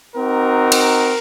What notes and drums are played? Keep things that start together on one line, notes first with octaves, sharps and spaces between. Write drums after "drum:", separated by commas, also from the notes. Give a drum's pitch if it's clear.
C4 D#4 F#4 A#4
drum: cymbal